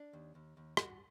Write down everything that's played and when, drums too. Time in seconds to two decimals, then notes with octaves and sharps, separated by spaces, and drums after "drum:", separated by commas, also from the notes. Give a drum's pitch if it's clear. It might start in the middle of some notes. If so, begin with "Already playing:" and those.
Already playing: D4
0.13 D#2
0.35 D#2
0.57 D#2
0.77 G2 F#4, drum: rim click